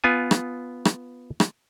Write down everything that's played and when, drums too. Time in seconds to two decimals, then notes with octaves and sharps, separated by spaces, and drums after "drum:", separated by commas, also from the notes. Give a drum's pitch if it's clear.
0.04 B3 F4 G#5
0.31 drum: rim click
0.85 drum: rim click
1.40 drum: rim click